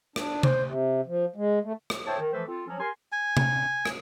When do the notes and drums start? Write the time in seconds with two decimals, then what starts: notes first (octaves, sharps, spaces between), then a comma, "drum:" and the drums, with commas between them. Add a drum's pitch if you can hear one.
0.16 D4, drum: rim click
0.43 C5, drum: tom C3
0.65 C3
1.07 F3
1.36 G#3
1.64 A3
1.90 drum: rim click
2.07 C5 C#5 E5 G5 A5
2.20 D#3
2.33 E3 F3 A3 A4 B4 C5
2.48 C4 F4 A4
2.67 F3 F#3 C#4
2.80 G4 A#4 G#5 C6
3.12 G#5
3.37 drum: tom C3
3.85 drum: rim click